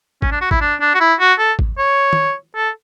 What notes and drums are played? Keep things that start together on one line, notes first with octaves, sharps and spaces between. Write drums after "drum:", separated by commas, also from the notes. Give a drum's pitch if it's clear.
C#4, drum: kick
D4
F#4
E4, drum: kick
D4
D4
F#4
E4
F#4
A4
drum: kick
C#5
drum: tom
A4